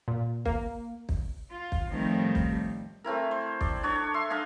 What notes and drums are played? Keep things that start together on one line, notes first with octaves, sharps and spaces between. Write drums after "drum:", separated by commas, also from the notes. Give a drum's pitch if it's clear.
A#2
A#3, drum: kick
drum: kick
F4
drum: kick
A2 D#3 F3 G3 A3 C4
drum: kick
A3 C4 E4 A#4
C5
D5, drum: kick
D4 C#5 D#5
E5 C6
D4 D#5 F5 G#5